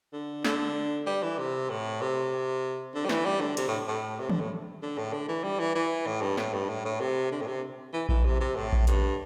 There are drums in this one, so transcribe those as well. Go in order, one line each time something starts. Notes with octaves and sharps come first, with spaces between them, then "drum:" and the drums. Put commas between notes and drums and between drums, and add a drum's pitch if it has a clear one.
D3
D3, drum: snare
G3
E3
C3
A2
C3
D3
G3
E3, drum: snare
G3
D3
C3, drum: cymbal
A2
A2
C3
D3, drum: tom
A2
D3
A2
D3
E3
G3
E3
E3
A2
G2
A2, drum: snare
G2
A2
A2
C3
D3
A2
C3
E3
E3, drum: kick A#1
C3
C3
A2
drum: kick A#1
G2, drum: hi-hat